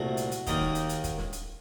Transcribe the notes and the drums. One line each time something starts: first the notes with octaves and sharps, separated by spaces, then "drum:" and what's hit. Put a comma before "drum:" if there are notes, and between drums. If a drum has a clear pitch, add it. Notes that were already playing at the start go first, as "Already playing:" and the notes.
Already playing: C2 A#2 A3 F#4
drum: hi-hat
drum: hi-hat
D#2 D#3 A#3 D#4, drum: kick, hi-hat
drum: snare
drum: hi-hat
drum: hi-hat
drum: kick, hi-hat
drum: snare
drum: hi-hat